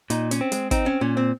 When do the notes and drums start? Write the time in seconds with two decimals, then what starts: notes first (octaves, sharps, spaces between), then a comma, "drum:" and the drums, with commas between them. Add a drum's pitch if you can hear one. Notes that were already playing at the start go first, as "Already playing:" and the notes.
0.10 A#2 D#4, drum: hi-hat
0.31 C#4, drum: hi-hat
0.41 C4
0.52 G#3, drum: hi-hat
0.71 C4 D#4, drum: kick, hi-hat
0.86 C#4
1.01 A#2 C#4
1.17 C4